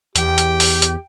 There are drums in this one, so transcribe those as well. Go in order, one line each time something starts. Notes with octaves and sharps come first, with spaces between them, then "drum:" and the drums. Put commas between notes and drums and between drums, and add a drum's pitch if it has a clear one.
E2 G4 G5, drum: hi-hat
drum: hi-hat
drum: open hi-hat
drum: hi-hat